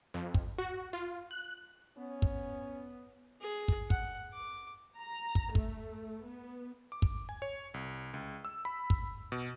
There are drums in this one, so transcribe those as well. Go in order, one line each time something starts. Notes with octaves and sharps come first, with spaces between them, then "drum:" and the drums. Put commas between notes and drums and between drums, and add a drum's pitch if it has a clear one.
F2
drum: kick
F#4
F4
F#6
B3 C#4
drum: kick
G#4
drum: kick
F#5, drum: kick
D6
A#5
drum: kick
A3, drum: kick
B3
D6
drum: kick
G#5
C#5
C2
C#2
E6
B5
drum: kick
B2